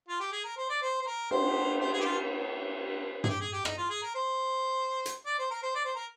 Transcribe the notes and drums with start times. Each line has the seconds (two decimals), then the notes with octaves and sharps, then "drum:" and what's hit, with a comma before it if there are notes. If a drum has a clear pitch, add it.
0.08 F4
0.20 G4
0.32 G#4
0.44 A#4
0.57 C5
0.70 D5
0.82 C5
1.01 C5
1.07 A#4
1.31 C5, drum: cymbal
1.80 C5
1.93 G#4
2.00 G4
2.05 F4
3.24 G#4, drum: tom
3.29 G4
3.41 G#4
3.53 G4
3.65 D#4, drum: rim click
3.78 F4
3.90 G#4
4.03 A#4
4.15 C5
5.06 drum: hi-hat
5.26 D5
5.39 C5
5.51 A#4
5.63 C5
5.75 D5
5.85 C5
5.95 A#4